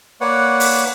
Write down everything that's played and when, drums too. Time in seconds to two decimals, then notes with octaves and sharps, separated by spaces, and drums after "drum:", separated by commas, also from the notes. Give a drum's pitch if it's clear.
0.21 A#3 B4 C#5 D5 F#5
0.60 drum: open hi-hat